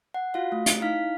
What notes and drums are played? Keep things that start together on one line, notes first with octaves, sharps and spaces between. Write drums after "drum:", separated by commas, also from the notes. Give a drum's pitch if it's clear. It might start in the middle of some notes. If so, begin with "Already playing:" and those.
F#5
F4 F#4 F5
A3
drum: hi-hat
D#4 E4 F5 F6 B6